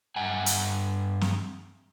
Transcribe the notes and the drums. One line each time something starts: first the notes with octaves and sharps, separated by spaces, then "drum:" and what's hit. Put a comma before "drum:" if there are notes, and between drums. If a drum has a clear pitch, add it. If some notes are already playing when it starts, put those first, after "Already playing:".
G2 F#5 G#5
drum: hi-hat
drum: snare